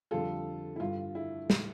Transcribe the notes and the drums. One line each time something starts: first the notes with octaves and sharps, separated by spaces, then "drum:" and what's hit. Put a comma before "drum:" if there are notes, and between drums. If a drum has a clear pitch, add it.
F2 D3 G3 F4 A4
E4
G2 D3 G3 F4
E4
A2 G3, drum: snare